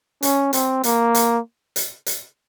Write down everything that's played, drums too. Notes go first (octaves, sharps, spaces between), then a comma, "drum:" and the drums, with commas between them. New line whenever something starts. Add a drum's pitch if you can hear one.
C#4, drum: hi-hat
C4, drum: hi-hat
A#3, drum: hi-hat
drum: hi-hat
drum: hi-hat
drum: hi-hat